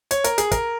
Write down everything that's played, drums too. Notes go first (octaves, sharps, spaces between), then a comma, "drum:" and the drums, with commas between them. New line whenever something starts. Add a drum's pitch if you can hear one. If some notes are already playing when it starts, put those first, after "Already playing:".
C#5, drum: hi-hat
A#4, drum: hi-hat
G#4, drum: hi-hat
A#4, drum: kick, hi-hat